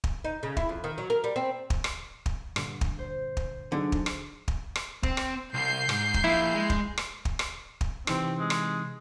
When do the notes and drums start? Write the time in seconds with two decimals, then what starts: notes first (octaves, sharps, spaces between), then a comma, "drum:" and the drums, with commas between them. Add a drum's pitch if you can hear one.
0.04 drum: kick
0.24 D#4
0.43 C#3
0.57 E4, drum: kick
0.69 F2
0.84 D#3
0.98 F#3
1.10 A#4
1.24 G3
1.36 C4
1.70 drum: kick
1.84 drum: rim click
2.26 drum: kick
2.56 G2 A#2 D3, drum: rim click
2.81 drum: kick
2.99 C5
3.37 drum: kick
3.72 D3 F#3 D#4 G#4
3.92 drum: kick
4.06 drum: rim click
4.48 drum: kick
4.76 drum: rim click
5.03 C4, drum: kick
5.17 drum: rim click
5.54 C2 G6 C7
5.89 G#2, drum: rim click
6.14 drum: kick
6.24 F3 A#3 E4
6.55 G#3
6.70 drum: kick
6.98 drum: rim click
7.25 drum: kick
7.39 drum: rim click
7.81 drum: kick
8.07 C3 E3 C4 D#4, drum: rim click
8.40 G#3
8.50 drum: rim click